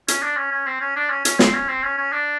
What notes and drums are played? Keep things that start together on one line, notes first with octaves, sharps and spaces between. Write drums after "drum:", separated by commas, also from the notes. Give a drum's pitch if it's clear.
C#4, drum: hi-hat
D4
C#4
C#4
C4
C#4
D4
C#4
C#4, drum: hi-hat
C4, drum: snare
C#4
C4
C#4
C#4
D4